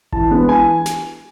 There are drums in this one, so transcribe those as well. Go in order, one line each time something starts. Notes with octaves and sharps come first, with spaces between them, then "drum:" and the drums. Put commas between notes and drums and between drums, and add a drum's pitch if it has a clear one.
E3 A5, drum: kick G#1
G#3 B3 D4
E3 G#5
drum: snare